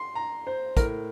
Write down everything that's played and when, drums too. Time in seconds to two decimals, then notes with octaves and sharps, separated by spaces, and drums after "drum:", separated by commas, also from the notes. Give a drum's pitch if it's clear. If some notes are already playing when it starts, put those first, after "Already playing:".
Already playing: C6
0.15 A#5
0.47 C5
0.77 A2 A#4, drum: kick, hi-hat